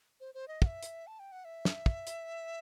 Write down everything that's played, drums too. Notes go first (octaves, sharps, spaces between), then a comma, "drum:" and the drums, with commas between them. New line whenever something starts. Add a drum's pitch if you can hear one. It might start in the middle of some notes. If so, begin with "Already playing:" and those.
C5
C5
D#5
F#5, drum: kick
E5
drum: hi-hat
A5
G5
F#5
E5
drum: snare
drum: kick
drum: hi-hat